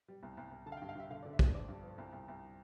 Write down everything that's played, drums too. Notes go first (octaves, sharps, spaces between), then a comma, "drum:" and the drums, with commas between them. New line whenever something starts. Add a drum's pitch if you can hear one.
G3
C2
C2
C2
D3 A5
F5
G5
G2
F5
G2 E5
D3 F5
D3 D5
E5
F2, drum: kick
F3 D5
G2
F3
C2
C2
C2